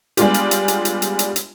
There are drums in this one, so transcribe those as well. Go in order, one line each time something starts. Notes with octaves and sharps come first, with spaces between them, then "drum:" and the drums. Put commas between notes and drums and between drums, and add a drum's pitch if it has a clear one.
G3 G#3 B3 D4 F4 G4, drum: hi-hat
drum: hi-hat
drum: hi-hat
drum: hi-hat
drum: hi-hat
drum: hi-hat
drum: hi-hat
drum: hi-hat